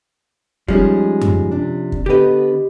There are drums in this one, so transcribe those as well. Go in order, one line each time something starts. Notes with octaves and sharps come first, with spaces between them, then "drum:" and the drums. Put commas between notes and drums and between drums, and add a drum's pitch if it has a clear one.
F3 G3 G#3 C#4 D#4, drum: kick
drum: tom F#2
C3 D4
drum: kick
D3 B3 G4 B4 D#5